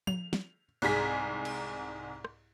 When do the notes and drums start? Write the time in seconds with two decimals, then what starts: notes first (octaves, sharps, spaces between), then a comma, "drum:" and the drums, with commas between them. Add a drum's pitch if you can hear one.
0.07 F7, drum: tom F3
0.33 drum: snare
0.82 C2 G#2 G#4 B6
1.45 drum: cymbal
2.25 drum: rim click